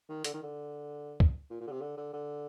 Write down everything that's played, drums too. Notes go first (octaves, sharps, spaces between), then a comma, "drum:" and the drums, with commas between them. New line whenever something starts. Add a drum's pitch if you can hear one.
D#3
D3, drum: hi-hat
D#3
D3
drum: kick C#2
A#2
A#2
D3
C3
D3
D3
D3